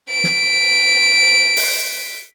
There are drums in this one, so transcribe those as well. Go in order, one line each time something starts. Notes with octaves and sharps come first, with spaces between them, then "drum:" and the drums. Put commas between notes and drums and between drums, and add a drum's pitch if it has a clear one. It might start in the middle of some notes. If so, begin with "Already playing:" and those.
B6 D7
drum: snare
drum: open hi-hat